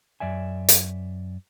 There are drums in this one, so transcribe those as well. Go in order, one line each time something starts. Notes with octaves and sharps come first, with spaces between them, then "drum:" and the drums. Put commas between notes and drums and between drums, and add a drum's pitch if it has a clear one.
F#2 D5 E5 G#5
drum: hi-hat